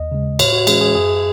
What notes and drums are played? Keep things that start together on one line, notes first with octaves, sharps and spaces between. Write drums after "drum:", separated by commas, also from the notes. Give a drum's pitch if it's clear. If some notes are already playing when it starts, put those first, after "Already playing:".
Already playing: D#2 D#5
C#3 G#3
A2 C#5, drum: cymbal
F#4
E3 G#3 C#4 G#4, drum: cymbal
G#4
F#2 G#4